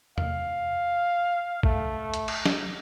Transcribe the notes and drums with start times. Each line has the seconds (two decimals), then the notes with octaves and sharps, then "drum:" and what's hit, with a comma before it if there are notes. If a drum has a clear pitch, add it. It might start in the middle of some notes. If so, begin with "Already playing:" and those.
0.18 F5, drum: tom E2
1.63 A3, drum: kick
2.14 drum: hi-hat
2.28 drum: cymbal
2.46 drum: snare